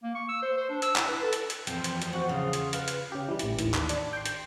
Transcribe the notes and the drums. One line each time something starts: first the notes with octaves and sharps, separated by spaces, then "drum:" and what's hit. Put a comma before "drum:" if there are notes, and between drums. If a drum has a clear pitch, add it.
A#3
C#6
E6
C5
C5
D4
E6, drum: hi-hat
E4, drum: clap
B4
A4
drum: hi-hat
drum: hi-hat
E2 F3 C4 G5, drum: hi-hat
drum: hi-hat
drum: hi-hat
F#4 C5 F#5
C#3 F4 G#4
drum: hi-hat
B4 F5, drum: hi-hat
drum: hi-hat
C#3 G4
E3 G3
A1 E3, drum: hi-hat
A1 D#2, drum: hi-hat
drum: clap
D4, drum: hi-hat
G5 C6
drum: hi-hat